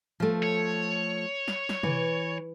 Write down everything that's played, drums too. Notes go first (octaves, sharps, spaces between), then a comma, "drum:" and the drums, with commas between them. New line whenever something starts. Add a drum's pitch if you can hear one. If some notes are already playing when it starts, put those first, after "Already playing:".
F3 A3
C#5
drum: snare
drum: snare
E3, drum: tom